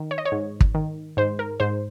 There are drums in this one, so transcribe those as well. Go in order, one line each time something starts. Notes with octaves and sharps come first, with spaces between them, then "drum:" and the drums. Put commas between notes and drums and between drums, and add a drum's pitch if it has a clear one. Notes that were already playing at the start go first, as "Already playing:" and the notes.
Already playing: D#3
C#5
D#5
C#5
G#2
drum: kick
D#3
G#2 C5
A#4
G#2 C5